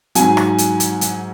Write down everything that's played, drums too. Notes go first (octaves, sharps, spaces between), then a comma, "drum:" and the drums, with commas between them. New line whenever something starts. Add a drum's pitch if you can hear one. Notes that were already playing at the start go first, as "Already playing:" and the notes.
G#2 F#3 G#5, drum: hi-hat
drum: rim click
drum: hi-hat
drum: hi-hat
drum: hi-hat